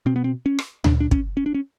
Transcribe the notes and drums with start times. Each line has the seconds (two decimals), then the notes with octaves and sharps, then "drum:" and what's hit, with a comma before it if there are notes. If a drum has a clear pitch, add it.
0.06 B2 C4
0.16 B3
0.24 C4
0.46 C#4
0.59 drum: rim click
0.84 A#2 D4, drum: tom D2
1.00 D4
1.11 C#4, drum: kick
1.37 C#4
1.46 D4
1.54 C#4